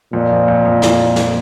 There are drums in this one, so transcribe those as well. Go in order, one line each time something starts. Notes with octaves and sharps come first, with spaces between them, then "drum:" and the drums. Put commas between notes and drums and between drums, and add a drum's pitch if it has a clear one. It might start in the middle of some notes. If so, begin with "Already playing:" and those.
F2 A#2
F3
F2
F2
drum: snare
drum: snare